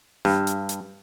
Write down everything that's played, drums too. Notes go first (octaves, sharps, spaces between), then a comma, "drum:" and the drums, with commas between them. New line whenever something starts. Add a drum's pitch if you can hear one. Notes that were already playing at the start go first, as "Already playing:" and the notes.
G2, drum: snare
drum: hi-hat
drum: hi-hat